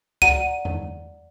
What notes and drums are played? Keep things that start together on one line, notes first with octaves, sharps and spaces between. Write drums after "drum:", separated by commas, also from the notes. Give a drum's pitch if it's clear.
D5 F#5 A#5 D#7, drum: kick C#2
drum: tom E2